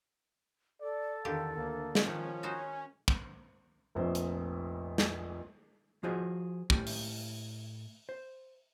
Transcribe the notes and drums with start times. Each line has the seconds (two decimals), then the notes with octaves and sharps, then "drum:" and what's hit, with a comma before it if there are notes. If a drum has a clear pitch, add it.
0.81 A4 D5
1.25 E2 D3 D#3 G4 F5
1.57 D2 A#3
1.95 drum: snare
2.05 D#3 F3 C#4 F#5 G5
2.43 D#4 F#4 C5 G#5
3.08 drum: kick
3.95 F1 A#1 F2 C5
4.15 drum: hi-hat
4.98 drum: snare
6.03 F3 F4 F#4 G#4 C5 D#5
6.70 A2 A3 G4, drum: kick
6.87 drum: open hi-hat
8.09 C5